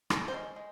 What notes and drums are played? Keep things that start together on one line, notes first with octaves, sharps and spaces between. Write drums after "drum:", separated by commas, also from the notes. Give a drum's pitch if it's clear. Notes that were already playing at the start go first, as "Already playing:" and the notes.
C#4 A#4, drum: rim click
C5
G#3
G#3